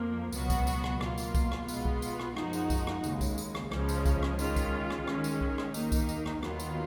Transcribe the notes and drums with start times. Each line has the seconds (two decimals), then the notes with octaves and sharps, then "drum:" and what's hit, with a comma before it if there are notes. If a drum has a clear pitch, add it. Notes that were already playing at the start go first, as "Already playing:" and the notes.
Already playing: F2 F3 A#3
0.32 C#2 B2 F#3 B3 F#4, drum: tambourine
0.50 drum: kick B1, tambourine
0.67 drum: tambourine
0.84 drum: rim click
1.01 B2 A#3 F4, drum: rim click
1.18 drum: tambourine
1.35 drum: kick B1, tambourine
1.51 drum: rim click
1.68 B2 G#3 B3 F4, drum: tambourine
1.85 drum: kick B1
2.02 drum: tambourine
2.19 drum: rim click
2.36 F#2 F3 G#3 D#4 F#4, drum: rim click
2.53 drum: tambourine
2.70 drum: kick B1, tambourine
2.87 drum: rim click
3.04 D#2 C#3 G#3, drum: tambourine
3.21 drum: kick B1, tambourine
3.38 drum: tambourine
3.55 drum: rim click
3.71 C#2 C#3 F3 G#3 C#4, drum: rim click
3.89 drum: tambourine
4.06 drum: kick B1, tambourine
4.22 drum: rim click
4.39 D#3 G#3 C#4 F4, drum: tambourine
4.56 drum: kick B1, tambourine
4.90 drum: rim click
5.07 D#3 G#3 C#4, drum: rim click
5.24 drum: tambourine
5.41 drum: kick B1
5.58 drum: rim click
5.74 D#2 D#3 A#3 D#4, drum: tambourine
5.92 drum: kick B1, tambourine
6.09 drum: tambourine
6.26 drum: rim click
6.43 D#2 D#3 F#3 B3 F4, drum: rim click
6.60 drum: tambourine